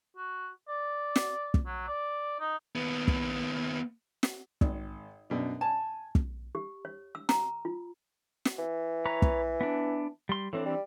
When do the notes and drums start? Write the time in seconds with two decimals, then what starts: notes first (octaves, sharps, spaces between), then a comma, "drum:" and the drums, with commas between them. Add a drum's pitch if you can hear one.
0.17 F#4
0.68 D5
1.16 drum: snare
1.54 drum: kick
1.66 F#3
1.87 D5
2.39 D#4
2.75 D#2 B3
3.08 drum: kick
4.23 drum: snare
4.61 G#1, drum: kick
5.30 F#2 B2 D4
5.61 G#5 A5
6.15 drum: kick
6.55 G4
6.85 C#5
7.15 E6
7.29 A#5, drum: snare
7.65 F4
8.45 drum: snare
8.58 E3
9.06 B4 C#5 A#5
9.22 drum: kick
9.61 B3 D4
10.29 G3 C6
10.53 A2 E3 C4 D4
10.66 G3